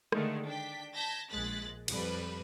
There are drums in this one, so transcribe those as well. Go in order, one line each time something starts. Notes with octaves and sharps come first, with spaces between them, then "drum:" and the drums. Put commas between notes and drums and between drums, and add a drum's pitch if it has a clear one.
D3 D#3 G#3 A3, drum: rim click
D4 G5 B6
A5 G6 G#6 A#6 B6
A#1 G#3 F#6 A6 B6
F2 G3 B4, drum: cymbal